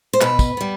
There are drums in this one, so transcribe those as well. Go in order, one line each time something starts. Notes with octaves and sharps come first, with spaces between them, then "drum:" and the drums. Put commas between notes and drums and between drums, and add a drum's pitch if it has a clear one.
C5
B2 B4, drum: clap
drum: kick, tambourine
G3 B3